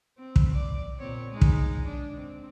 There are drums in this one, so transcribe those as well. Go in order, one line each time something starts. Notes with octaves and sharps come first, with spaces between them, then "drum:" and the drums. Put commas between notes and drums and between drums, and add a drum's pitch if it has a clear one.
C4
drum: kick
D5
A#2 C4 C#5
G#3 D#4
drum: kick
D4
C4